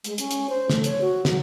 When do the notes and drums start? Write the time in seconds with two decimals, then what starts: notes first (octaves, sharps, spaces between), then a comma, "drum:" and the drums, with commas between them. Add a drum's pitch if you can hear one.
0.04 G#3, drum: hi-hat
0.18 C#4, drum: hi-hat
0.31 drum: hi-hat
0.49 C5
0.70 A3, drum: snare
0.84 C#5, drum: hi-hat
1.01 F#4
1.25 F#3, drum: snare